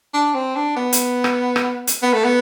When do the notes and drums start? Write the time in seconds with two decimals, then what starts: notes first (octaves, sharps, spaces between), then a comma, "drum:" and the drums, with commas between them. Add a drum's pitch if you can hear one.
0.14 D4
0.34 C4
0.56 D4
0.76 B3
0.93 drum: hi-hat
1.24 drum: rim click
1.56 drum: rim click
1.87 drum: hi-hat
2.03 B3
2.14 A3
2.25 B3